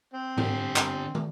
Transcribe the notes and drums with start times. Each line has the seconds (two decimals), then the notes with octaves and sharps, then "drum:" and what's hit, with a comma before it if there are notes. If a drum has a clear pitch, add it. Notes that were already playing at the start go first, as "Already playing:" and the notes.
0.14 C4
0.38 D3 G4, drum: tom G#2
0.76 drum: clap
1.15 drum: tom